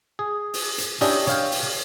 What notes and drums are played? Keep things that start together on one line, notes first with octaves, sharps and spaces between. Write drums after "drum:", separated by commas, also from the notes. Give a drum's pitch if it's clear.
G#4
drum: open hi-hat
drum: hi-hat
C#4 D4 E4 G4 D5 D#5, drum: open hi-hat
C#5 F5 G5, drum: hi-hat
drum: open hi-hat